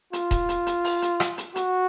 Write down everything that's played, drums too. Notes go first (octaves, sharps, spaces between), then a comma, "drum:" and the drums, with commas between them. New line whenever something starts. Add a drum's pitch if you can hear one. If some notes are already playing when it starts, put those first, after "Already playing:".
F4, drum: hi-hat
drum: kick D#1, hi-hat
drum: hi-hat
drum: hi-hat
drum: open hi-hat
drum: hi-hat
drum: rim click
drum: hi-hat
F#4, drum: hi-hat